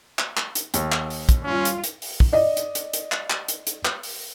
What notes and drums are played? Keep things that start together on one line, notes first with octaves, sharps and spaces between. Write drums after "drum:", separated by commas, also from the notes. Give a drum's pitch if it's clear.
drum: clap
drum: clap
drum: hi-hat
D#2, drum: hi-hat
drum: clap
drum: open hi-hat
drum: kick, hi-hat
G3 C#4 F4
drum: hi-hat
drum: hi-hat
drum: open hi-hat
drum: kick
D5 D#5
drum: hi-hat
drum: hi-hat
drum: hi-hat
drum: clap
drum: clap
drum: hi-hat
drum: hi-hat
drum: clap
drum: open hi-hat